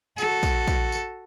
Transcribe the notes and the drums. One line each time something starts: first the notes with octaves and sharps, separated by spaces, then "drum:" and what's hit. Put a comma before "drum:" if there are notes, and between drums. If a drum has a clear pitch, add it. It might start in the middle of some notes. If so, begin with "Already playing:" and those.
F#4 A4, drum: tambourine
drum: kick, tambourine
drum: kick, tambourine
drum: tambourine